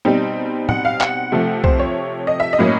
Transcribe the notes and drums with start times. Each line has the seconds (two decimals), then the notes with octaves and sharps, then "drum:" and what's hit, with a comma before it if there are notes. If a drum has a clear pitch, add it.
0.05 B2 G3 C4 D#4
0.69 F#5, drum: tom A2
0.85 F5
1.01 F#5, drum: clap
1.32 C3 F3 A3
1.64 C5, drum: kick
1.79 C#5
2.27 D#5
2.40 E5
2.53 D#5
2.59 A2 F#3 A#3 C#4